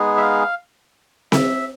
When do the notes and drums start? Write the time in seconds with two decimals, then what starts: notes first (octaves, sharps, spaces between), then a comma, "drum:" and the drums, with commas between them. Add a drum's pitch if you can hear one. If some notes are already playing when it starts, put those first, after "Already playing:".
Already playing: G#3 B3 D#4 G#4
0.17 E5
0.21 F5
1.32 E5, drum: snare C4